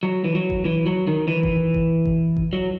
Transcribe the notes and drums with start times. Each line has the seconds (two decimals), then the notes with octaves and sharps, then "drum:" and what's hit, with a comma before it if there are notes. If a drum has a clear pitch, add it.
0.03 F#3
0.24 E3
0.35 F#3
0.50 drum: kick G#1
0.65 E3
0.86 F#3
1.07 D#3
1.28 E3
1.43 drum: kick G#1
1.74 drum: kick G#1
2.05 drum: kick G#1
2.37 drum: kick G#1
2.53 F#3